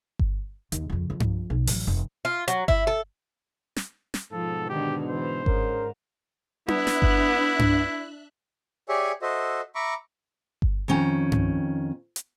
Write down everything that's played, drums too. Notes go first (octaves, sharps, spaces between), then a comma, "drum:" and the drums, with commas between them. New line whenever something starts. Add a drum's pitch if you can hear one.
drum: kick G1
D#2, drum: hi-hat
F2 C#3
F2
drum: tom G2
B1
A1 F#3, drum: open hi-hat
F1
F4
F#3, drum: hi-hat
E4, drum: kick G1
A4
drum: snare
drum: snare
G#2 B2 F3 A4
D3 D#3 G4
E3 C5
G#2 C#4 A#4, drum: kick G1
B3 D4 E4 E5 F#6, drum: tom D4
drum: snare
drum: kick G1
drum: tom G2
G4 G#4 C#5 D5 E5 G#5
F#4 A4 C5 D#5 E5
E5 A#5 B5 C#6 D6
drum: kick G1
F2 D#3 C#4 G5
drum: tom G2
drum: hi-hat